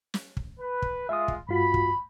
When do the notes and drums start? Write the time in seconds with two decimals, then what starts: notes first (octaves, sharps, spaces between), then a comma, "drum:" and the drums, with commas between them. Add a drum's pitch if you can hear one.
0.14 drum: snare
0.37 drum: kick
0.59 B4
0.82 drum: kick
1.09 G#3 F4 E5 D#6
1.28 drum: kick
1.49 G2 F4 F#4 B5
1.74 drum: kick